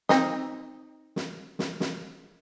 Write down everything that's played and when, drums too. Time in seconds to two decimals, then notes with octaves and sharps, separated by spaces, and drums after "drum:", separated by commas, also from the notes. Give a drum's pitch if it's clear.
0.09 C4 D#4 D#5, drum: snare
1.16 drum: snare
1.59 drum: snare
1.80 drum: snare